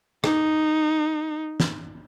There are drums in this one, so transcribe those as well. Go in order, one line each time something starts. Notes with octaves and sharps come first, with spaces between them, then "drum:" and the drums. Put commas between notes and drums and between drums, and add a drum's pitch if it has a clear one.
D#4, drum: rim click
drum: snare